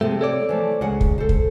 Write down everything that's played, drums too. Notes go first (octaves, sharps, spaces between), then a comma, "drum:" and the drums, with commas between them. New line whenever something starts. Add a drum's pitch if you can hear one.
C3 F3 G#3 A3
A4 C#5 D5
E3 F3 A3
C#2 C#3 G#3 F#5
drum: kick
A4 C5
drum: kick